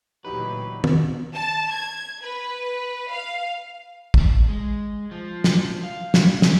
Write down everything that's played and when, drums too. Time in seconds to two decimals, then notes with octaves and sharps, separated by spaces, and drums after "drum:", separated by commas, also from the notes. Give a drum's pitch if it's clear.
0.25 D2 A#2 E3 F#3 D#4 G4 B4
0.84 drum: tom D#3
1.34 A5
1.70 G#6
2.22 B4
3.11 F5
4.14 drum: kick
4.48 G#3
5.11 F3
5.44 drum: snare
5.83 F5
6.14 drum: snare
6.42 C#4, drum: snare